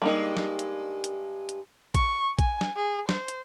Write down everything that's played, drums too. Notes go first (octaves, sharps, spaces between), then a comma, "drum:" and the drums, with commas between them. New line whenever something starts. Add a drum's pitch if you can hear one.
G2 G3 G#3 A#3 D#4
drum: snare
drum: hi-hat
drum: hi-hat
drum: hi-hat
C#6, drum: kick, hi-hat
G#5, drum: kick, hi-hat
drum: snare
G#4
C5, drum: snare
drum: hi-hat